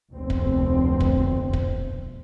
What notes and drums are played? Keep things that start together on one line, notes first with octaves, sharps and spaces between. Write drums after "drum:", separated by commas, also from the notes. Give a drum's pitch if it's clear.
F1 D2 B2 C4
drum: kick
drum: kick
drum: kick